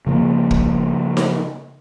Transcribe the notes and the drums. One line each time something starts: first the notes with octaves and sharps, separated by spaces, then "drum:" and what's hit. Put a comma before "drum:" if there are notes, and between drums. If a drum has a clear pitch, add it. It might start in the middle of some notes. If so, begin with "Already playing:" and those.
C#3 F3 A#3
drum: kick
drum: snare D#4